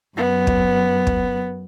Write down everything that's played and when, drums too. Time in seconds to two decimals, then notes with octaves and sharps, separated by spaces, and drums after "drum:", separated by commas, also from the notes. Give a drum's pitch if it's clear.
0.17 F#2 B3
0.47 drum: kick
1.07 drum: kick